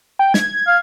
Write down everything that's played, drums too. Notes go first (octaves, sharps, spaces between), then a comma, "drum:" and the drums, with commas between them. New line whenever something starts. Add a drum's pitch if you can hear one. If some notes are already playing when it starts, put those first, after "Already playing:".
G5
G#6, drum: snare
F5